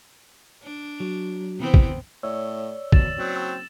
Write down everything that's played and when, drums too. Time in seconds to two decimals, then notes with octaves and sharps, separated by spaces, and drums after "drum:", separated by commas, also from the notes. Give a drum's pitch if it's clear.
0.63 D4
1.00 F#3
1.59 C3 E3 B3 C4
1.74 drum: kick
2.23 A2 C#5 D5 E6
2.92 B2 A6 E7 F#7, drum: kick
3.17 F#1 F#3 C4